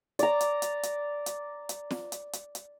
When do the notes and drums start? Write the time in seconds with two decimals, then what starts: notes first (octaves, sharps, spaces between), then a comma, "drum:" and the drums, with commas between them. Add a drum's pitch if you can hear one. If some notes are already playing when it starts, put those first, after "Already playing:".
0.19 D5 A#5, drum: hi-hat
0.41 drum: hi-hat
0.62 drum: hi-hat
0.83 drum: hi-hat
1.26 drum: hi-hat
1.69 drum: hi-hat
1.91 drum: snare
2.12 drum: hi-hat
2.33 drum: hi-hat
2.55 drum: hi-hat